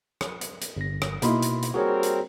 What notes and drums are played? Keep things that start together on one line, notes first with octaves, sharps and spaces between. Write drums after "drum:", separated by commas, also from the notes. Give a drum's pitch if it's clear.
drum: rim click
drum: hi-hat
drum: hi-hat
G1 A#6
drum: rim click
B2 A#3 D#4 E4 B5 C6, drum: hi-hat
drum: hi-hat
drum: hi-hat
G3 C4 F#4 G#4 A#4 C#5
drum: hi-hat